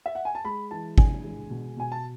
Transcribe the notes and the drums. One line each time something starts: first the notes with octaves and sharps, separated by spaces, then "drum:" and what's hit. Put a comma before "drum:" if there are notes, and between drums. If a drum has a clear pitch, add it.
E5
F#5
G#5
A5
G#3 B5
E3 A5
D4 G#5, drum: kick
G#3
B2
B2 G#5
A5